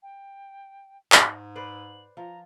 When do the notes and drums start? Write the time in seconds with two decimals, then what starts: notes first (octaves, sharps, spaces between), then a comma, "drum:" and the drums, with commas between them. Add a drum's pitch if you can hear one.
0.03 G5
1.12 G#2, drum: clap
1.56 B4 C5 D5 F#7
2.17 F3 A#5